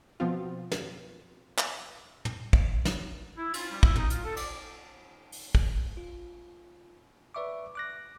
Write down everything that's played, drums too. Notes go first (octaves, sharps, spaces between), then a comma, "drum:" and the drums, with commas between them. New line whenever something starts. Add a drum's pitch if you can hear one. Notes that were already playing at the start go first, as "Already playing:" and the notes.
B2 F3 B3 C4 F4
drum: snare
drum: clap
drum: tom
drum: kick
drum: snare
E4
F4, drum: cymbal
G3
E4, drum: kick
D#4, drum: tom
F4, drum: hi-hat
A4
D5, drum: cymbal
drum: open hi-hat
drum: kick
F4
B4 D5 E5 C#6 D6
D6 F#6 A#6